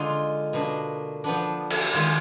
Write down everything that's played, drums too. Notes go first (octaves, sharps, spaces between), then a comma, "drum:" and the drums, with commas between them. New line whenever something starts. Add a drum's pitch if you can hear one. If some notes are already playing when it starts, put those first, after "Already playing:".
Already playing: D3 G#3 D#4 F4
B2 A#3 D4
F3 B3 D4
drum: cymbal
D#3 G#3 D#4 F4